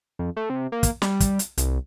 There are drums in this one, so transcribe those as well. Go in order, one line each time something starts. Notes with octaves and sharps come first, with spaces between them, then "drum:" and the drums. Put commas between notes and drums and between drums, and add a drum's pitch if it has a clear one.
F2
A3
C3
A#3
drum: kick, hi-hat
G3, drum: snare
drum: kick, hi-hat
drum: hi-hat
C2, drum: hi-hat